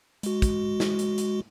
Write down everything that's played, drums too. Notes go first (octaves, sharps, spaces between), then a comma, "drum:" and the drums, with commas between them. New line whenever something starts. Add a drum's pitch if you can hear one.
G#3 F#4, drum: hi-hat
drum: kick, hi-hat
drum: snare
drum: hi-hat
drum: hi-hat